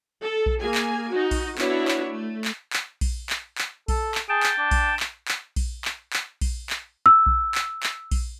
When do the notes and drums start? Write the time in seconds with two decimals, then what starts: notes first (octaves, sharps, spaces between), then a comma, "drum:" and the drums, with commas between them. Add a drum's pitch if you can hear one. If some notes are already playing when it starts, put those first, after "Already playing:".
0.23 A4
0.46 drum: kick A#1
0.60 A#3 G#4 G#5
0.75 drum: clap
1.11 D#4 F#4
1.31 drum: kick A#1, open hi-hat
1.58 B3 D4 E4 F#4 C#5, drum: clap
1.88 drum: clap
2.09 A3
2.45 drum: clap
2.73 drum: clap
3.01 drum: kick A#1, open hi-hat
3.30 drum: clap
3.58 drum: clap
3.88 A4, drum: kick A#1, open hi-hat
4.15 drum: clap
4.29 G#4 G5 A5
4.43 drum: clap
4.59 D4
4.71 drum: kick A#1, open hi-hat
5.00 drum: clap
5.28 drum: clap
5.56 drum: kick A#1, open hi-hat
5.85 drum: clap
6.13 drum: clap
6.41 drum: kick A#1, open hi-hat
6.70 drum: clap
7.06 E6
7.26 drum: kick A#1
7.55 drum: clap
7.83 drum: clap
8.11 drum: kick A#1, open hi-hat